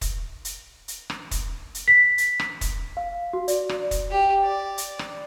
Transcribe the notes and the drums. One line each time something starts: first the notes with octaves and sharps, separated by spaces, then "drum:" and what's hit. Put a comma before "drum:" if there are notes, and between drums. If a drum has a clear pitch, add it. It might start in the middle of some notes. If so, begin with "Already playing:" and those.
drum: kick, hi-hat
drum: hi-hat
drum: hi-hat
drum: rim click
drum: kick, hi-hat
drum: hi-hat
B6
drum: hi-hat
drum: rim click
drum: kick, hi-hat
F5
F#4
D5, drum: hi-hat
drum: rim click
drum: kick, hi-hat
G4
D5
drum: hi-hat
drum: rim click